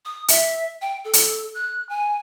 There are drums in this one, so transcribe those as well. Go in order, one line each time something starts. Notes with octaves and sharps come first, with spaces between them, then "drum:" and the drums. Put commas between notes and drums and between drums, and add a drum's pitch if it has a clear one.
D#6
E5, drum: hi-hat
G5
A4
drum: hi-hat
F#6
G#5